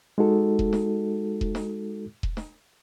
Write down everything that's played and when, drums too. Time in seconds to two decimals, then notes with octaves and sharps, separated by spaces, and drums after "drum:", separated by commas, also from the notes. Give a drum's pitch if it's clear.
0.18 G#3 D#4 F#4 A4
0.59 drum: kick E1
0.73 drum: snare
1.41 drum: kick E1
1.55 drum: snare
2.23 drum: kick E1
2.37 drum: snare